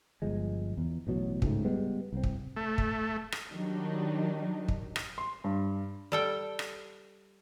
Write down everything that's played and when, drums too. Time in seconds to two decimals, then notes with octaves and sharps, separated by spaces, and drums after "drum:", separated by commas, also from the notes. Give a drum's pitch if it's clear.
0.22 G1 F3 G#3
0.77 E2
1.07 A1 B2 F#3
1.42 C#2 G#2 A3, drum: kick
1.65 G3 G#3 B3
2.13 C2 C4
2.24 drum: kick
2.56 A3
2.78 drum: kick
3.32 drum: rim click
3.52 D#3 F#3 G3 D4 D#4
4.68 drum: kick
4.96 drum: rim click
5.18 C6
5.44 G2
6.12 G3 A4 G5
6.59 drum: rim click